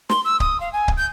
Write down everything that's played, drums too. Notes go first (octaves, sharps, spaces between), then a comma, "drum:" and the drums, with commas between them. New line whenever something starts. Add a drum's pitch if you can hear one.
C6, drum: snare
E6
D#6, drum: kick C#1
F5
G#5
drum: kick C#1
G6